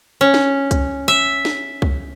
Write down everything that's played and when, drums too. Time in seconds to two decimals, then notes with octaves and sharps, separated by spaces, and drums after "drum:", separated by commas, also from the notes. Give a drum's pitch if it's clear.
0.21 C#4
0.34 drum: snare
0.71 drum: kick C2, hi-hat
1.08 E5
1.45 drum: snare
1.82 drum: kick C2